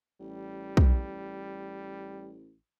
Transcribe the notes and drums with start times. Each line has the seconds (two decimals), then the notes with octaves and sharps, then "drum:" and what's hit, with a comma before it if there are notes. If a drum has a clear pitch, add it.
0.20 A1 G3
0.77 drum: kick